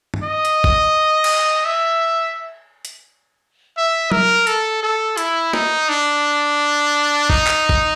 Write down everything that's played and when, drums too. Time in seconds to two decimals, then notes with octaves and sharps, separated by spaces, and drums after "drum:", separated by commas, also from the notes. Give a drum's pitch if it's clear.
0.14 drum: tom
0.23 D#5
0.45 drum: hi-hat
0.64 drum: kick
1.24 drum: cymbal
1.65 E5
2.85 drum: hi-hat
3.77 E5
4.12 A#4, drum: tom
4.47 A4, drum: hi-hat
4.83 A4
5.17 E4, drum: hi-hat
5.53 D#4, drum: snare
5.89 D4
7.30 D#4, drum: kick
7.47 drum: clap
7.69 drum: kick